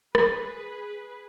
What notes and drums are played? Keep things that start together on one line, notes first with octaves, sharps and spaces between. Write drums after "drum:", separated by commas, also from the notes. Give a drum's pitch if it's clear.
G#4 B4, drum: rim click